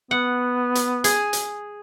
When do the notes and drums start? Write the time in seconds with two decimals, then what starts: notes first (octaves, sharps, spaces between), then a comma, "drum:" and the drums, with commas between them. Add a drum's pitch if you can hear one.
0.11 B3 F#5
0.75 drum: hi-hat
1.04 G#4, drum: hi-hat
1.33 drum: hi-hat